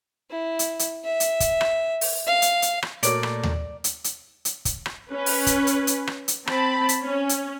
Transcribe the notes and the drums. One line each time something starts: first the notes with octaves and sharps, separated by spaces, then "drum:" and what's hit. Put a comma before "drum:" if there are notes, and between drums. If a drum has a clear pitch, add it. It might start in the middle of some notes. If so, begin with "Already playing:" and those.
E4
drum: hi-hat
drum: hi-hat
E5
drum: hi-hat
drum: kick, hi-hat
drum: rim click
drum: open hi-hat
F5
drum: hi-hat
drum: hi-hat
drum: rim click
A#2 A3 F#4 A#4 C#5 D5, drum: hi-hat
drum: rim click
drum: tom D#2
drum: hi-hat
drum: hi-hat
drum: hi-hat
drum: kick, hi-hat
drum: rim click
C#4 B4
drum: open hi-hat
drum: kick, hi-hat
drum: hi-hat
drum: hi-hat
drum: rim click
drum: hi-hat
C4 A5 B5, drum: rim click
drum: hi-hat
C#4
drum: hi-hat